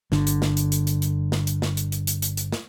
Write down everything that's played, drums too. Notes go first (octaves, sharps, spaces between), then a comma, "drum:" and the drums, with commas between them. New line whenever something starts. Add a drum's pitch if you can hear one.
G1 D3, drum: snare
drum: hi-hat
drum: snare
drum: hi-hat
drum: hi-hat
drum: hi-hat
drum: hi-hat
drum: snare
drum: hi-hat
drum: snare
drum: hi-hat
drum: hi-hat
drum: hi-hat
drum: hi-hat
drum: hi-hat
drum: snare